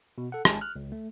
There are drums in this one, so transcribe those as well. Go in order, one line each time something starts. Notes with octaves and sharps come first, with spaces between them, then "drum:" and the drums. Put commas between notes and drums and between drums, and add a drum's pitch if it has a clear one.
B2
A4 F#5
G#1 G#3 G#5 A5, drum: rim click
F6 F#6
C#2
A3